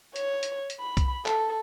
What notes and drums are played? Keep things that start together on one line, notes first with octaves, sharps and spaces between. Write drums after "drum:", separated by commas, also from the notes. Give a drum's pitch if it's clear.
C#5, drum: hi-hat
drum: hi-hat
drum: hi-hat
B5
drum: kick C2, hi-hat
A4, drum: clap